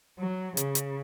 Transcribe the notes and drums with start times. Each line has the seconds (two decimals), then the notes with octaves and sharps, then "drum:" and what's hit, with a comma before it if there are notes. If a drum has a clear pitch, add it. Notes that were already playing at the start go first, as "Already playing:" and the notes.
0.19 F#3
0.57 C#3, drum: hi-hat
0.75 drum: hi-hat